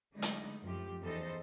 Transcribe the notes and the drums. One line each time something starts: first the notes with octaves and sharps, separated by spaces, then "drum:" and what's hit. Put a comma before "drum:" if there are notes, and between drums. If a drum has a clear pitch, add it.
D3 F#3 G#3 A3 B3 D#4
drum: hi-hat
F#2 A2 F3 G4
E2 D#4 A4 C5 D#5